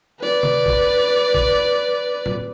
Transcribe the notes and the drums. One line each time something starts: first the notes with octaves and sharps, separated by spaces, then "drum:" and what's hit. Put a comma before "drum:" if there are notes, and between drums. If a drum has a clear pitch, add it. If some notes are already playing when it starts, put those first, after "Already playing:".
B4 D5
drum: tom C3
drum: kick
drum: kick
drum: tom A2